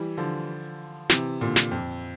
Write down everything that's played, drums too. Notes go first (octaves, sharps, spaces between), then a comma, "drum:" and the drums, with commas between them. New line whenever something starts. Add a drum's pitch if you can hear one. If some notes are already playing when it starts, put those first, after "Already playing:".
Already playing: E3 G3
D3 F3
C3 E3, drum: snare
A#2 D3
drum: snare
F2